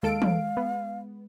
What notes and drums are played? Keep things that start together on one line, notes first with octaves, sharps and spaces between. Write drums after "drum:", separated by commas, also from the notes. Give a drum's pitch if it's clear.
D#2 G#3 A4 F5 D7
drum: tom
B3